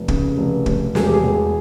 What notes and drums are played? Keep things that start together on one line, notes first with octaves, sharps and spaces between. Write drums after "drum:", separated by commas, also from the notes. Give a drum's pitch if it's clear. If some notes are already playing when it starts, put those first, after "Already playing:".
Already playing: F1
C#3, drum: kick
F1
F1, drum: kick
E1 G#4, drum: snare
G4
G#4
E2